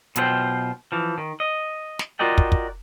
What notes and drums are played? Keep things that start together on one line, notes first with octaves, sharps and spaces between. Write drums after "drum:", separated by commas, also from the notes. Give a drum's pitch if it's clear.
B1 B2 E4 F4 C5 G5, drum: hi-hat
E3 F3
D#3
D#5
drum: snare
F4 F#4 A#4 D5 D#5 G5
drum: kick
drum: kick